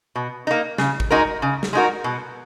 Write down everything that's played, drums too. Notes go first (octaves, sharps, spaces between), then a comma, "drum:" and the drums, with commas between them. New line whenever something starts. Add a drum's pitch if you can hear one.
B2
A#3 D#4
C#3, drum: snare
drum: kick
G#3 D#4 F#4 A#4
C#3
drum: snare
G#3 D#4 F#4 A#4
B2